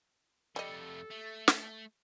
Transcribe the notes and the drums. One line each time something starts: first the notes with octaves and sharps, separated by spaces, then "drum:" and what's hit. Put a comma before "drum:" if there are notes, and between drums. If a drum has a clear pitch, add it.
F2 G3 A3 A4 D#5
A3
drum: snare